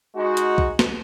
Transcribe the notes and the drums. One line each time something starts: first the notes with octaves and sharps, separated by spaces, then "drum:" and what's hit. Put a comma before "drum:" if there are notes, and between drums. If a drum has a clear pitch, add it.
G#3 D#4 F#4
drum: hi-hat
drum: kick B1
drum: snare